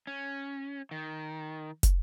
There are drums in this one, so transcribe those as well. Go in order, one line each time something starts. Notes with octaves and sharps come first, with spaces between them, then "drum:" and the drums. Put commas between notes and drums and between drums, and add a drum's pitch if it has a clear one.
C#4
D#3
drum: kick, hi-hat